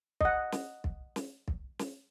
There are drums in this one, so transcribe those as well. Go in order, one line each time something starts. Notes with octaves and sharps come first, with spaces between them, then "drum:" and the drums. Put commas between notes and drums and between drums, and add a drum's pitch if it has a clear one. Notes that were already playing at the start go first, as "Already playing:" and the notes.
D#5 F#5, drum: kick
drum: snare
drum: kick
drum: snare
drum: kick
drum: snare